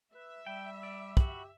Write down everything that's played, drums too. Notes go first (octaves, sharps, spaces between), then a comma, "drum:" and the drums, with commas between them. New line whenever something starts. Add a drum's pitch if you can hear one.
B4 E5
G3 G5
D5
F#4 G4 B5, drum: kick